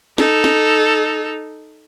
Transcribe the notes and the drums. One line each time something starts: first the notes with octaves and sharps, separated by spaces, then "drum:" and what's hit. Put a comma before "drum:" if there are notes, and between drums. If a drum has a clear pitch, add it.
D#4 A4, drum: snare
drum: snare